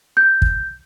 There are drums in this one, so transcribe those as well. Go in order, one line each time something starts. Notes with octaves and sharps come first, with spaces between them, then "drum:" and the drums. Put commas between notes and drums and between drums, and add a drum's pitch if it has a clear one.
G6
drum: kick